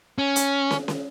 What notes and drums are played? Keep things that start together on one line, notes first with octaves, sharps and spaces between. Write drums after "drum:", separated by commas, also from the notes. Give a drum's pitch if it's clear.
C#4
drum: hi-hat
drum: snare
drum: snare